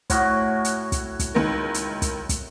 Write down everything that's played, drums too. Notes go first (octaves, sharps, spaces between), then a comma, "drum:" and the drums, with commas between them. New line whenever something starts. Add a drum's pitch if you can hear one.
A2 F#4 C#5, drum: kick, hi-hat
drum: hi-hat
drum: kick, hi-hat
drum: kick, hi-hat
C#2 D#3 A#4
drum: hi-hat
drum: kick, hi-hat
drum: kick, hi-hat